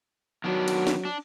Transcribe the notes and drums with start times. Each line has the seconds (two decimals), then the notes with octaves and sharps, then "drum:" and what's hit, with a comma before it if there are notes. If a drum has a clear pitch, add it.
0.44 D#3 F#3 B3 D4
0.68 drum: cymbal
0.87 drum: snare
1.05 D4